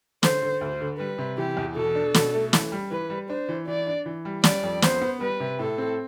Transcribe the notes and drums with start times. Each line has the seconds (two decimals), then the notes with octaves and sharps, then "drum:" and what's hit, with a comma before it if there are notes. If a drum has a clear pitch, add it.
0.23 D3 C5, drum: snare
0.42 D3
0.61 D2 C5
0.81 D3
0.99 G3 B4
1.18 C3
1.38 E3 G4
1.57 E2
1.76 B2 A4
1.95 D4
2.14 B2, drum: snare
2.34 A3
2.53 E3, drum: snare
2.72 G3
2.91 E3 B4
3.10 G3
3.30 D4 C5
3.49 E3
3.67 E3 D5
3.87 D4
4.06 E3
4.25 G3
4.44 G3 D5, drum: snare
4.63 F2
4.82 B3 C5, drum: snare
5.02 B3
5.20 G3 B4
5.40 C3
5.59 A2 A4
5.78 C4